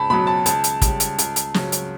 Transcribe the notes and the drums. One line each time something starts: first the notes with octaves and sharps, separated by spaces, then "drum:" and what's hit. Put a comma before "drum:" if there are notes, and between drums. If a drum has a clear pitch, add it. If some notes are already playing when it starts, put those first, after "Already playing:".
Already playing: C#2 A5 B5
B2 F#3 B5
A5
C#2 A5, drum: hi-hat
drum: hi-hat
C#3 G3, drum: kick, hi-hat
drum: hi-hat
C#2, drum: hi-hat
drum: hi-hat
C#3 F#3, drum: snare
drum: hi-hat